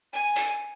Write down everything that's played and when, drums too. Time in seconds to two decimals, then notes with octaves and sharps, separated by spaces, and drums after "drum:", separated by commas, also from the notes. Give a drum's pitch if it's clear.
0.13 G#5
0.36 drum: hi-hat